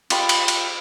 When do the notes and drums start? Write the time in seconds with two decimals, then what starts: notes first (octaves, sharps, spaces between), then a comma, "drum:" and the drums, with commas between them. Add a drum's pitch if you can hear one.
0.10 F4 G4 D#5 B5, drum: cymbal
0.29 drum: cymbal
0.48 drum: cymbal